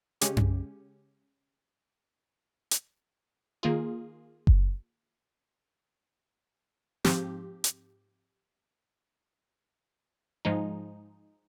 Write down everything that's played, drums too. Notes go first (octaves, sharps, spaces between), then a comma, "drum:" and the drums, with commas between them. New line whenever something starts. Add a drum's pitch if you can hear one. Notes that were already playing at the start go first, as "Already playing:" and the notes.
C#3 G#3 C#4 G4, drum: hi-hat
drum: tom F#2
drum: hi-hat
D#3 A#3 F4 G#4
drum: kick F#1
G#2 F3 C4 G4, drum: snare
drum: hi-hat
G#2 F3 G#3 D#4